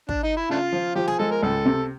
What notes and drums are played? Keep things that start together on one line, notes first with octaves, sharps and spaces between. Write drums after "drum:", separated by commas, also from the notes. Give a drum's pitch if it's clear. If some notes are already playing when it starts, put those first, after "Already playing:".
D4, drum: kick
D#4
E4
C#3 A3 D4 F4
F3
F3 G4
G#4, drum: snare
G#3 A4
A#4
C#2 A4
C3